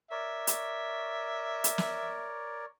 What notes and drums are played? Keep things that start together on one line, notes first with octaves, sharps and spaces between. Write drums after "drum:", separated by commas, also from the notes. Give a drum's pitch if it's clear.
A#4 C#5 D5 E5
drum: hi-hat
drum: hi-hat
drum: snare